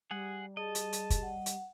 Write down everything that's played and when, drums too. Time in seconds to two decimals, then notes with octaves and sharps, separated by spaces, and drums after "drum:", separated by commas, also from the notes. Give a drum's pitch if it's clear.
0.11 G3 G#4 F#5
0.57 G#4 D#5 A5
0.75 drum: hi-hat
0.93 drum: hi-hat
1.10 drum: kick, hi-hat
1.22 F#5
1.46 drum: hi-hat